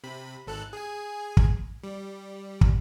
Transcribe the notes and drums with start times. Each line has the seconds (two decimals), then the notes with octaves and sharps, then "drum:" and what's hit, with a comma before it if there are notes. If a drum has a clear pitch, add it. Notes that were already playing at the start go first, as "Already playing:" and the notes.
0.04 C3 B5
0.47 G#1 A4 F#6
0.73 G#4 G#5
1.37 drum: kick
1.83 G3
2.61 drum: kick